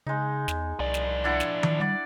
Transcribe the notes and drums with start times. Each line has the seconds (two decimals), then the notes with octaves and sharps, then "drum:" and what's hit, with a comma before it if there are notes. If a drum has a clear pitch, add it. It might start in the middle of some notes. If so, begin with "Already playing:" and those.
0.06 C#3 G#3 D#4
0.48 E2, drum: snare
0.79 C2 F3 D5
0.94 drum: snare
1.24 D4 E4 F#5
1.40 drum: snare
1.63 drum: tom D#3
1.80 G3 D5 F#5